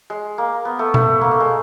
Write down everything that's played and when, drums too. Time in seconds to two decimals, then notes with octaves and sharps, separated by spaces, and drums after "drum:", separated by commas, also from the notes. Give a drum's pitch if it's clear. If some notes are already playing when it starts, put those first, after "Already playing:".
0.10 G#3
0.38 A#3
0.65 B3
0.79 A3
0.94 A3, drum: tom B2
1.21 A#3
1.31 A3
1.40 G#3